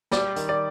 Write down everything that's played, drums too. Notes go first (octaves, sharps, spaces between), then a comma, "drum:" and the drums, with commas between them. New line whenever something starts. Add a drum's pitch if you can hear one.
G3 D5, drum: snare
D#3, drum: hi-hat
D5